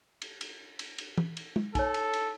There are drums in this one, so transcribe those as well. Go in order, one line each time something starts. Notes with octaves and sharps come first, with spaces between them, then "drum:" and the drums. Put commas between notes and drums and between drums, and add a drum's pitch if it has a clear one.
drum: cymbal
drum: cymbal
drum: cymbal
drum: cymbal
drum: tom
drum: cymbal
drum: tom
D#4 A4 C#5, drum: kick, cymbal
drum: cymbal
drum: cymbal